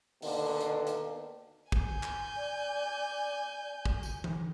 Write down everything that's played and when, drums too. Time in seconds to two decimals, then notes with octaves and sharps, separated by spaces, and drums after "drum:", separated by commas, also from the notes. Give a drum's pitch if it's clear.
0.22 D#2 B2 D3, drum: open hi-hat
0.61 drum: hi-hat
0.87 drum: hi-hat
1.72 G#5 G6, drum: kick
2.03 drum: clap
2.37 D5
3.85 drum: kick
4.03 drum: tambourine
4.24 drum: tom E3